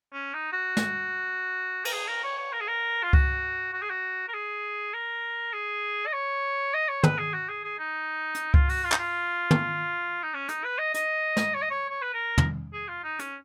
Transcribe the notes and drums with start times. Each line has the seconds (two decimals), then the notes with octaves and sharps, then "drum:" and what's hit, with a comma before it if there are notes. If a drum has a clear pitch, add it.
0.13 C#4
0.34 D#4
0.52 F#4
0.77 drum: snare
1.85 A#4, drum: cymbal
1.93 G#4
2.08 A#4
2.24 C#5
2.38 C#5
2.53 A#4
2.61 G#4
2.68 A#4
3.03 F4
3.13 F#4, drum: kick C#2
3.73 F#4
3.82 G#4
3.90 F#4
4.29 A#4
4.34 G#4
4.94 A#4
5.53 G#4
6.07 D#5
6.13 C#5
6.74 D#5
6.89 C#5
7.04 B4, drum: tom
7.18 G#4
7.34 F#4
7.49 G#4
7.64 G#4
7.79 D#4
8.35 drum: hi-hat
8.54 F4, drum: kick C#2
8.69 F#4, drum: open hi-hat
8.84 F4
8.92 D#4, drum: clap
8.99 F4
9.51 drum: tom
10.23 D#4
10.34 C#4
10.49 D#4, drum: hi-hat
10.64 B4
10.78 D#5
10.94 D#5, drum: hi-hat
11.37 drum: snare
11.54 C#5
11.62 D#5
11.70 C#5
11.89 C#5
12.02 B4
12.14 A#4
12.38 drum: tom
12.73 G#4
12.88 F4
13.04 D#4
13.19 C#4, drum: hi-hat